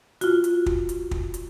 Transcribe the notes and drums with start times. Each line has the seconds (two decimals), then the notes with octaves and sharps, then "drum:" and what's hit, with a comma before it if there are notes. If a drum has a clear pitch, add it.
0.21 F4 F#4, drum: hi-hat
0.44 drum: hi-hat
0.66 drum: kick
0.89 drum: hi-hat
1.11 drum: kick
1.34 drum: hi-hat